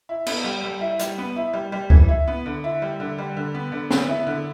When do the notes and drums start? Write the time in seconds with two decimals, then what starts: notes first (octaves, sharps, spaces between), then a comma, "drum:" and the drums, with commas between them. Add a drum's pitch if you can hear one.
0.09 E4
0.26 B3, drum: cymbal
0.44 G3
0.64 G3
0.81 E4
1.00 G3, drum: hi-hat
1.18 B3
1.36 E4
1.54 G3
1.72 G3
1.90 E3, drum: kick C#2
2.09 E4
2.28 B3
2.46 D3
2.64 E4
2.82 G3
3.00 D3
3.19 G3
3.37 D3
3.55 B3
3.72 D3
3.91 B3, drum: snare
4.09 E4
4.27 D3